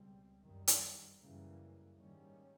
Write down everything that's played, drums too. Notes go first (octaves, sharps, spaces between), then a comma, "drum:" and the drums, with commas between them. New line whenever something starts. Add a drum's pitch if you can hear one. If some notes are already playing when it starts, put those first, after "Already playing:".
Already playing: C#2 B2 G3 C4
F#2 D#3 G3
drum: hi-hat
F#2 C#3 E3 G3 A#3
G#2 D#3 G3 A#3 C#4